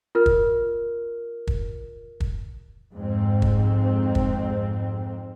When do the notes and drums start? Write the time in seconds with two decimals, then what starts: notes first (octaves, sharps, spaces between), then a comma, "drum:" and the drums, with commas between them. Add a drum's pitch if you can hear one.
0.15 F4 A#4 F6
0.26 drum: kick
1.47 drum: kick
2.20 drum: kick
2.93 F2 G#2 C4
3.42 drum: kick
4.15 drum: kick